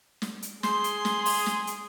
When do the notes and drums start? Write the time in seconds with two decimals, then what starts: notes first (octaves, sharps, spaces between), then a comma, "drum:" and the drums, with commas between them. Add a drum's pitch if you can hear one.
0.22 drum: snare
0.42 drum: hi-hat
0.63 G#4 C6, drum: snare
0.84 drum: hi-hat
1.05 drum: snare
1.26 drum: open hi-hat
1.46 drum: snare
1.67 drum: hi-hat